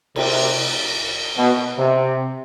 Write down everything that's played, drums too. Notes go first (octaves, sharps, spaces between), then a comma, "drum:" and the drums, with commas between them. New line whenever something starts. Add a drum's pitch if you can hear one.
C3, drum: cymbal
B2
C3